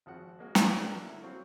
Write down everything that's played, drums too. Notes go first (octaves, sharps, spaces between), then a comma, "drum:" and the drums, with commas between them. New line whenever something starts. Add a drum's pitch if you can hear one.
G#1 F3 F#4 F#5
G#3 A#3 F#4
G2 F#3 A#3 C#4 D4 F4, drum: snare
A#3 B3 D4 F#4 A#4 B4
D3 E4 A#4
F#3 C4 F5 C#6